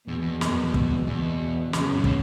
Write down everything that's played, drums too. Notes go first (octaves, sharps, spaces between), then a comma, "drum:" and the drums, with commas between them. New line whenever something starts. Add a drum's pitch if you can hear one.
E2 B2
E2
F#2, drum: snare
E2
E2
drum: kick
E2 B2
E2 C#3, drum: snare
F#2
A2
B2, drum: kick